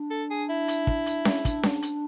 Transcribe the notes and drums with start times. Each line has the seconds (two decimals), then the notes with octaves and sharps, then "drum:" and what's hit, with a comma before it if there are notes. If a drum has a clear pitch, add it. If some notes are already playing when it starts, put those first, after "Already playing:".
Already playing: D4
0.11 A4
0.30 G#4
0.49 E4
0.68 drum: hi-hat
0.87 drum: kick
1.06 drum: hi-hat
1.25 drum: snare C#4
1.45 D4, drum: kick, hi-hat
1.63 drum: snare C#4
1.82 drum: hi-hat